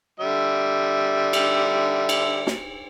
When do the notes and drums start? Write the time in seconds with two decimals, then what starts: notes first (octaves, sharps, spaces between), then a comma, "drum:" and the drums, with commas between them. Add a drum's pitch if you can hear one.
0.20 D3 G3 E5
1.33 drum: cymbal
2.09 drum: cymbal
2.47 drum: snare